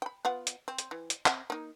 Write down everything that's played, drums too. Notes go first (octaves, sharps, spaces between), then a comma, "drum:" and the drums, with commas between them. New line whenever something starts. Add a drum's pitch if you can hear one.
G5 B5
B3 F4 F#5
drum: hi-hat
C4
drum: hi-hat
E3
drum: hi-hat
C4 E5 F#5, drum: clap
A#3 D#4